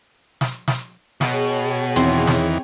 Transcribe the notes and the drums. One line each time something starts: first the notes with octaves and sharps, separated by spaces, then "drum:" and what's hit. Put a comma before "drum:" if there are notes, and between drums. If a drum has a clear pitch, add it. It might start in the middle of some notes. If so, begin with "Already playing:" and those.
drum: snare
drum: snare
B2 G#4 C#5 G5, drum: snare
E2 D#3 E3 C4
drum: snare